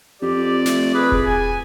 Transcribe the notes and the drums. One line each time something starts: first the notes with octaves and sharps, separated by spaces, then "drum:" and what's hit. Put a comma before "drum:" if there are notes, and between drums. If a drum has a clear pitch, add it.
F2 G4 D5
A3, drum: snare
G#4 B4
drum: kick E1
G#5